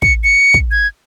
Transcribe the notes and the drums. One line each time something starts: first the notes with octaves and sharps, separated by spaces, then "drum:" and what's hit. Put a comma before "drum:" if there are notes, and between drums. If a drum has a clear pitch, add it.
C#7, drum: kick
C#7
drum: kick
G#6